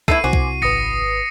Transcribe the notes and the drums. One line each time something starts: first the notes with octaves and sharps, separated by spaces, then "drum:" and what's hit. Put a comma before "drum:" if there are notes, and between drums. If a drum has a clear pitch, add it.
A3 B3 E4 C7 D#7, drum: kick
C2 F#4 C5 G#5 D6
drum: kick
G#1 B4 D#6 A#6 C#7